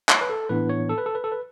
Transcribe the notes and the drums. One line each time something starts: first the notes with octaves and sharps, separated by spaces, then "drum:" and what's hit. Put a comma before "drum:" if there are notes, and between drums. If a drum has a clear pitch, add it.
C#5, drum: clap
B4
A4
A2 E3 B3 D4 B4
C#5
A4
B4
A4
B4
A4
B4